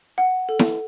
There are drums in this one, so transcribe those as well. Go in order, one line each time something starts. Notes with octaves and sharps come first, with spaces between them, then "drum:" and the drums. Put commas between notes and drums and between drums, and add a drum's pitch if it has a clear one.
F#5
A4
drum: snare E4